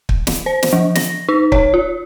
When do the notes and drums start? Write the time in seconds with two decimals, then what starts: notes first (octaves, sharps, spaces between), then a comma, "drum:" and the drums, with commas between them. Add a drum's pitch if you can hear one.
0.09 drum: kick
0.27 drum: snare
0.46 C5
0.63 drum: snare
0.73 F3
0.95 A#6, drum: snare
1.29 D#4
1.52 C#5, drum: kick
1.74 F4